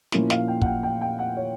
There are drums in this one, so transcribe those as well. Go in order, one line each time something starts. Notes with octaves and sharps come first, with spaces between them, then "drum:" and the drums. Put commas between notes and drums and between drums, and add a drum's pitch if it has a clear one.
A#2 F3 A#3 C#4 E4, drum: snare
F5, drum: snare
G5
F#5, drum: kick
G5
G5
G5
F#5
C#5